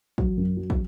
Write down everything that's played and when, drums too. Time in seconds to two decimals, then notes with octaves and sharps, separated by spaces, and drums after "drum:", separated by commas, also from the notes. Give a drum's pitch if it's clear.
0.18 F#3, drum: kick
0.37 F#2
0.57 F#3
0.70 drum: kick